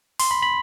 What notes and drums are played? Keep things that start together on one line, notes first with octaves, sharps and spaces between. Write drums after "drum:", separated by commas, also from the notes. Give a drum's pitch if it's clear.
C6, drum: open hi-hat
B5
B5